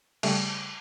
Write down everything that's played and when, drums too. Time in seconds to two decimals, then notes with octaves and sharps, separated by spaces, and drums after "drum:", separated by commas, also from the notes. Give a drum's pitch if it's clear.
0.23 C#3 G3 A3, drum: cymbal